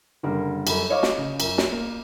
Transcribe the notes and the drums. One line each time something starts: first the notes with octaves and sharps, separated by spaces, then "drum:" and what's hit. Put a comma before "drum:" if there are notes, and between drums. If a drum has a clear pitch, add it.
F#1 D3 G3 A#4
F#2 G3 A4 B5, drum: cymbal
C#5 D#5 F5 C#6 D6
drum: snare
C#3
F#2, drum: cymbal
drum: snare
A#3